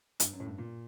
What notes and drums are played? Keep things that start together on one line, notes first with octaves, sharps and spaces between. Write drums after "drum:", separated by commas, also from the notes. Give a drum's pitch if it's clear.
G2, drum: hi-hat
F#2
A2
G2
A#2